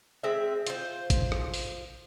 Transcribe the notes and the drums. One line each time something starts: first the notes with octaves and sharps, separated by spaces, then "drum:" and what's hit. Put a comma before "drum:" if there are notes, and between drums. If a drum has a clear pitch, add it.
G#3 C4 E5
F4 C5, drum: hi-hat
drum: kick A1, hi-hat
drum: rim click
drum: open hi-hat